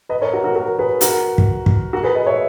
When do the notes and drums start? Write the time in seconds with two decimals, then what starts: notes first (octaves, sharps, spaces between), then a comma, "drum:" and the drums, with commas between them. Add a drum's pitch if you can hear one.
0.09 B4 D#5
0.21 A#4 C#5
0.33 F#4 A#4
0.44 F#4 A#4
0.55 F#4 A#4
0.79 G#4 B4
1.01 F#4 A#4, drum: hi-hat
1.38 drum: kick
1.66 drum: kick
1.93 F#4 A#4
2.03 G#4 B4
2.15 B4 D#5
2.27 C#5 E5